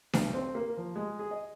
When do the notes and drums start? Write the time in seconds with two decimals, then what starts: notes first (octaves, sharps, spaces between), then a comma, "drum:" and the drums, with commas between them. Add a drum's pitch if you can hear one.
0.13 B1, drum: snare D4
0.34 C4
0.55 A#3
0.77 F3
0.96 G#3
1.19 G#4
1.31 D#5